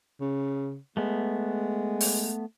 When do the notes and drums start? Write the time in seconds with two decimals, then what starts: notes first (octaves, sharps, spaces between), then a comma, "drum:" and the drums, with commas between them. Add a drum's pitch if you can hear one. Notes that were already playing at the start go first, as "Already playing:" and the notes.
0.20 C#3
0.97 G#3 A3 B3
2.01 drum: open hi-hat